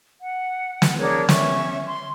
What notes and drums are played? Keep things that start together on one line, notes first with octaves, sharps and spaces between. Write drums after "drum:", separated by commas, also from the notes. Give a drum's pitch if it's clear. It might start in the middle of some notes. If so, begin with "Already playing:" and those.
F#5
drum: snare
D4 G#4 A#4 C#5
C#4 C#5 E5 C#6, drum: snare
C6